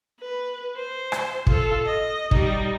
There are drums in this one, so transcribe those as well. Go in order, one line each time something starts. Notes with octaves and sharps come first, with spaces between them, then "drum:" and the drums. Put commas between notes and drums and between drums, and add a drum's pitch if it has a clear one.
B4
C5
drum: rim click
F4 A4, drum: kick
D#5
G3 D#4, drum: kick